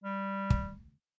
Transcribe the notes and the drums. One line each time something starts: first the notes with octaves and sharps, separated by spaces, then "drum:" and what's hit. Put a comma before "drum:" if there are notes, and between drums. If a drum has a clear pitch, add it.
G3
drum: kick